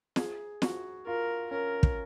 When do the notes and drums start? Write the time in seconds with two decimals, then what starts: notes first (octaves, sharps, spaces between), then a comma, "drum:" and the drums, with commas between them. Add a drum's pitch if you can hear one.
0.16 G#4, drum: snare
0.62 F#4, drum: snare
1.06 F4 A#4
1.51 C#4 A#4
1.83 drum: kick